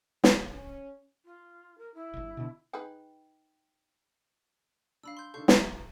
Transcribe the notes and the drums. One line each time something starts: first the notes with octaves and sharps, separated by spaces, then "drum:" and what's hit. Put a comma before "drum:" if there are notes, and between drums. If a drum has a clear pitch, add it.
C#3, drum: snare
C#4
F4
A#4
E4
D1 G1
B2 D3
D#4 G#4 B4 G5
D4 F5 B5 E6
C6 G6
D#3 D4 A4 F5 C#6 G6
B1 F#3 E4 A#5, drum: snare